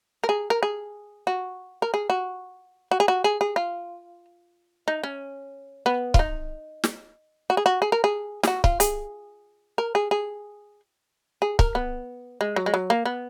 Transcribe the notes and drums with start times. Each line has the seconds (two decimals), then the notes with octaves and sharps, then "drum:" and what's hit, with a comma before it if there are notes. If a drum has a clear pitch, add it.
0.24 A#4
0.29 G#4
0.50 A#4
0.63 G#4
1.27 F#4
1.82 A#4
1.94 G#4
2.10 F#4
2.91 F#4
3.00 G#4
3.08 F#4
3.24 G#4
3.41 G#4
3.56 F4
4.88 D#4
5.04 C#4
5.86 B3
6.14 F4, drum: kick
6.19 D#4
6.84 drum: snare
7.50 F#4
7.57 G#4
7.66 F#4
7.82 G#4
7.92 A#4
8.04 G#4
8.43 G#4, drum: snare
8.48 F#4
8.64 F4, drum: kick
8.80 G#4, drum: hi-hat
9.78 A#4
9.95 G#4
10.11 G#4
11.42 G#4
11.59 A#4, drum: kick
11.75 B3
12.41 G#3
12.56 F#3
12.66 G#3
12.74 F#3
12.90 A#3
13.05 B3